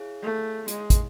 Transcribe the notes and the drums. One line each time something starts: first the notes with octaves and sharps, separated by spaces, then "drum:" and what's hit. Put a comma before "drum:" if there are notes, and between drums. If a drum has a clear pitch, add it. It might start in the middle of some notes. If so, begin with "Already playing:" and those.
Already playing: E4 G#4 C#5 F5
A3
G#3, drum: hi-hat
drum: kick, hi-hat